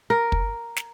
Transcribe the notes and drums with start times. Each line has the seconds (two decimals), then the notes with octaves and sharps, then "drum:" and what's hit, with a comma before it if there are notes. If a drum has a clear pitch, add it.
0.10 A#4
0.32 drum: kick
0.76 drum: snare